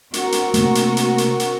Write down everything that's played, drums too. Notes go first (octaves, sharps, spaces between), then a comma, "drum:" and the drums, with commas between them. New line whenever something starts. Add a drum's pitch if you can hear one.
C4 F#4 A#4, drum: hi-hat
drum: hi-hat
C3 A3 A#3, drum: hi-hat
drum: hi-hat
drum: hi-hat
drum: hi-hat
drum: hi-hat